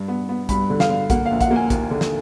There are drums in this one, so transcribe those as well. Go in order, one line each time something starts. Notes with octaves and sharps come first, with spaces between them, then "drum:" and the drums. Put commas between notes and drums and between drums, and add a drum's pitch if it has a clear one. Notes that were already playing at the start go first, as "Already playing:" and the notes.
Already playing: G2
B3
B3
G2 B5, drum: kick, hi-hat
D3
F5, drum: snare
D3
A#3 F#5, drum: kick, hi-hat
F5
A#1
F#5, drum: kick, hi-hat
A#3
G#5
D#2, drum: kick, hi-hat
D3
drum: snare